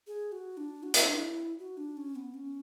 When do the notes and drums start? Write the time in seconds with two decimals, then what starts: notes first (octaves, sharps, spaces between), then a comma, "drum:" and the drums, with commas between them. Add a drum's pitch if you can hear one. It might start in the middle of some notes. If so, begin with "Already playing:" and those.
0.07 G#4
0.32 F#4
0.57 D4
0.83 F#4
0.94 E4, drum: hi-hat
1.05 D4
1.15 E4
1.59 F#4
1.77 D4
1.97 C#4
2.16 B3
2.34 C#4